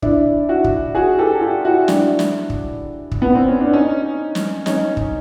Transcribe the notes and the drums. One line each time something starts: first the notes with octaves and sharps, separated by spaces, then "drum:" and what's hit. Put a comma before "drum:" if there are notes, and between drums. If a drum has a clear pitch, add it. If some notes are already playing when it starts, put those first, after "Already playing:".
D4 E4, drum: kick
E4 F#4
drum: kick
F#4 G#4
G4 A4
F4 G4
E4 F#4
D4 E4, drum: snare
drum: snare
drum: kick
drum: kick
B3
C4
C#4
D4
C#4 D#4
drum: snare
C#4 D#4, drum: snare
drum: kick